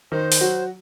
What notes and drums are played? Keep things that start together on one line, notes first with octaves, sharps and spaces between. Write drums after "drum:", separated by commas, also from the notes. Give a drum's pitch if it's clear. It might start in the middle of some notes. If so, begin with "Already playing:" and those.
D#3 D#4 C5
drum: open hi-hat
F#3 F#4